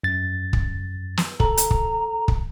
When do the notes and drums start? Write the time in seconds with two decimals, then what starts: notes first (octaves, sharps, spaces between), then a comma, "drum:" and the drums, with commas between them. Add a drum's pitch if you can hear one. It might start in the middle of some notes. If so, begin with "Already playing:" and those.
0.03 F#2 A6
0.53 drum: kick
1.17 drum: snare
1.40 A4 A#5, drum: kick
1.57 drum: hi-hat
1.71 drum: kick
2.28 drum: kick